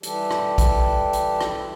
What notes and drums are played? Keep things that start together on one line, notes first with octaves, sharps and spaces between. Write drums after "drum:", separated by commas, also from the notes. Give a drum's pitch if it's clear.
E3 G3 G4 A4, drum: hi-hat
drum: rim click
drum: kick, hi-hat
drum: hi-hat
drum: rim click